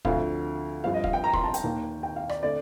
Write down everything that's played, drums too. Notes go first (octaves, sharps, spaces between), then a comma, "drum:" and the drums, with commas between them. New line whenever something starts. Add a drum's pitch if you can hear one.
D2 D3 F3 C4 F5, drum: kick
G2 F3 C4 F5
D#5
F5, drum: kick
G5
A#5
C6, drum: kick
A5
G5, drum: hi-hat
D#2 D#3 A#3
G5
F5
D5, drum: rim click
D3 A3 C4 D5